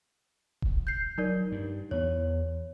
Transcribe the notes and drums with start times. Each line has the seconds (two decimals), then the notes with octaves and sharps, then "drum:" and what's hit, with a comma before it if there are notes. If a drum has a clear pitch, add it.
0.62 drum: kick D#1
0.87 G6 C7
1.18 F#3 D#4 A#4 D5
1.52 G2
1.91 E2 B3 C#5